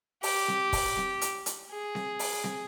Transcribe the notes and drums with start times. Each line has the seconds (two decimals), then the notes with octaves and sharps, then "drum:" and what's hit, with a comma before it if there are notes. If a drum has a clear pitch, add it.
0.23 G4, drum: open hi-hat
0.48 drum: snare C4
0.73 drum: kick, open hi-hat
0.97 drum: snare C4
1.21 drum: hi-hat
1.46 drum: hi-hat
1.70 G#4
1.95 drum: snare C4
2.19 drum: open hi-hat
2.44 drum: snare C4